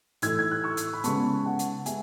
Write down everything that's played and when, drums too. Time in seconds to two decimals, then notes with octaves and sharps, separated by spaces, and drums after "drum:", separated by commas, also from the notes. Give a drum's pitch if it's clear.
0.22 A2 E3 A3 E6 G#6, drum: hi-hat
0.39 G#6
0.51 F#6
0.63 C#6 E6
0.77 drum: hi-hat
0.93 B5
1.04 C#3 G#3 B3 A5 C#6, drum: hi-hat
1.45 F#5 A5
1.59 drum: hi-hat
1.86 G#3 B3 E5 G#5, drum: hi-hat